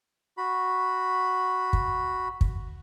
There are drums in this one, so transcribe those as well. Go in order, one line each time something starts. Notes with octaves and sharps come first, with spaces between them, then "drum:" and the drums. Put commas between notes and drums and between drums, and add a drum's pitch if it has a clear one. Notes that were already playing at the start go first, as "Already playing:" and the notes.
F#4 B5
drum: kick
drum: kick